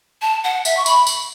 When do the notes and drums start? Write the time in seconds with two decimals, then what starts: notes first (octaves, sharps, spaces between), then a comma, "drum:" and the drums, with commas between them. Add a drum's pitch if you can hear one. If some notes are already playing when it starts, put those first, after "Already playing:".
0.22 A5
0.44 F#5
0.65 E5, drum: tambourine
0.77 C#6
0.86 B5, drum: tambourine
1.07 drum: tambourine